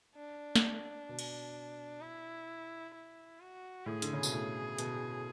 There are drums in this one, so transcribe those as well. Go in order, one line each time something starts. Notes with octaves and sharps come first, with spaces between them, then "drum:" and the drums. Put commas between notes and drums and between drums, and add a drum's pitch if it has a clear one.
D4
drum: snare
B2
drum: cymbal
E4
E4
F#4
A2 G#4
D3, drum: hi-hat
C#3
B2, drum: tambourine
A2
B2, drum: hi-hat